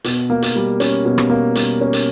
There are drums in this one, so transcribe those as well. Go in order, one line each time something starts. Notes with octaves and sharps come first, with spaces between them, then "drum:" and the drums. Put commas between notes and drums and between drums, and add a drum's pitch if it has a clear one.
B2, drum: hi-hat
A#3
drum: hi-hat
G3
C#4, drum: hi-hat
B2
drum: rim click
A#3
G3, drum: hi-hat
C#4
drum: hi-hat